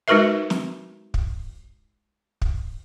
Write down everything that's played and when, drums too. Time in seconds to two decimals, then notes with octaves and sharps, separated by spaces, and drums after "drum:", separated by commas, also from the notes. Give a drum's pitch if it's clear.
0.08 G#3 D#4 F#4 A#4 B4 E5
0.50 drum: snare
1.14 drum: kick
2.42 drum: kick